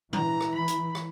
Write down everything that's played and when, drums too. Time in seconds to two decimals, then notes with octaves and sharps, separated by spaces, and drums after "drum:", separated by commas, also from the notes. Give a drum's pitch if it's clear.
0.13 E3 A#5, drum: tom
0.41 drum: rim click
0.54 B5
0.68 drum: hi-hat
0.95 drum: rim click